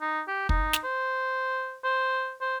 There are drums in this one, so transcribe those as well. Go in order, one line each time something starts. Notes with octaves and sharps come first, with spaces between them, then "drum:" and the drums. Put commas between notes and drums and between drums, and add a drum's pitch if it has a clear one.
D#4
G4
D#4, drum: kick
drum: snare
C5
C5
C5